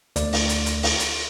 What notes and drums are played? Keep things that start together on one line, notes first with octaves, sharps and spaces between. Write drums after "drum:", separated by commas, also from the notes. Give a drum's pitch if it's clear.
D2 D5, drum: hi-hat
drum: open hi-hat
drum: hi-hat
drum: hi-hat
drum: open hi-hat
drum: hi-hat